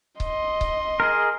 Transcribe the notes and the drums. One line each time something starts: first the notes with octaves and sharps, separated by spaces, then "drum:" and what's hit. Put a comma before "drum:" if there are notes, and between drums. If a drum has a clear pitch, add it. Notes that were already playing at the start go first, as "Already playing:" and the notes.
D#5 C6, drum: kick C#1
drum: kick C#1
G#4 A#4